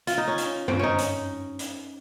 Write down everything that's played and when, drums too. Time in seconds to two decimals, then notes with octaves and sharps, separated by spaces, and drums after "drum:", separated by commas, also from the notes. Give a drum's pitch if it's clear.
0.07 F4, drum: hi-hat
0.18 D#4
0.28 C#4
0.38 drum: hi-hat
0.68 C4, drum: tom F#2
0.79 C#4 D#4
0.98 drum: hi-hat
1.59 drum: hi-hat